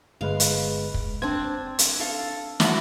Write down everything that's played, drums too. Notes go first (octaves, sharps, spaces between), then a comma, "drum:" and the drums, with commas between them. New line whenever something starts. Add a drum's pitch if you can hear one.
G1 G#3 B4 F5
drum: hi-hat
drum: kick
C4 D4 G#6
drum: hi-hat
A4 F5
E4 F#4, drum: snare